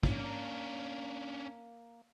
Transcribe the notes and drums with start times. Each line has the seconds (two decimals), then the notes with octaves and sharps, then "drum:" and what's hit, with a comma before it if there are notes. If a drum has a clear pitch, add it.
0.03 A#3 C#4 D4, drum: kick